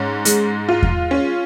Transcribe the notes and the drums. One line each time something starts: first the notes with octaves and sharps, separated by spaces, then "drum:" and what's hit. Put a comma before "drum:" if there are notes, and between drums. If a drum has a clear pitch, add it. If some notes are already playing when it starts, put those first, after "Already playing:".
Already playing: G#2 C#4
G#3, drum: hi-hat
F4
drum: kick E2
C#4